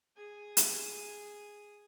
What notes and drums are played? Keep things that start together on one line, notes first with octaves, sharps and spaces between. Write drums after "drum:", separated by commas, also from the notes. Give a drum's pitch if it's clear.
G#4 G#5
drum: hi-hat